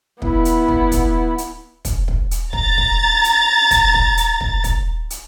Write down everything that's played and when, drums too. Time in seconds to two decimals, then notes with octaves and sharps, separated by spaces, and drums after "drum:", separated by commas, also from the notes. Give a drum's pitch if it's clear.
0.22 B3 E4, drum: kick
0.45 drum: hi-hat
0.68 drum: kick
0.92 drum: kick, hi-hat
1.38 drum: hi-hat
1.85 drum: kick, hi-hat
2.08 drum: kick
2.31 drum: hi-hat
2.53 A#5 A6, drum: kick
2.78 drum: kick
3.24 drum: hi-hat
3.71 drum: kick, hi-hat
3.94 drum: kick
4.17 drum: hi-hat
4.41 drum: kick
4.64 drum: kick, hi-hat
5.10 drum: hi-hat